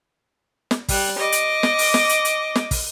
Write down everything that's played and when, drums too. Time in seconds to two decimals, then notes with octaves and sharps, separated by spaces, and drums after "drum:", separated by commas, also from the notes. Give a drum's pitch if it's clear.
0.71 drum: snare
0.88 G3 F#6, drum: kick, open hi-hat
1.17 D#5 D6
1.32 drum: hi-hat
1.63 drum: snare
1.79 drum: open hi-hat
1.94 drum: snare
2.09 drum: hi-hat
2.25 drum: hi-hat
2.55 drum: snare
2.71 drum: kick, open hi-hat